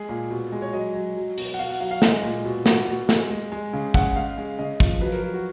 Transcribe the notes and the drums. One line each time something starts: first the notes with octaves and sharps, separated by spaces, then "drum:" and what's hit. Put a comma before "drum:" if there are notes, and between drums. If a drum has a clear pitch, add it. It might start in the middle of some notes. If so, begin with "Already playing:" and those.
Already playing: G#3 G#4
A#2
B2
G#3
C#5
F#3 D#5
F#3
F#3
B2, drum: open hi-hat
F#5
B2 F5
F#5
F#3 F5
F5
G#3 D#5, drum: snare
A#2
B2
B2 F#5, drum: snare
B2
G#3, drum: snare
G#3
G#3
C#3
C#3 F#5, drum: kick
G#3 F5
G#3
C#3 D#5
F3, drum: kick
F#3 B4
A#4, drum: tambourine
F#3 A#4
F#4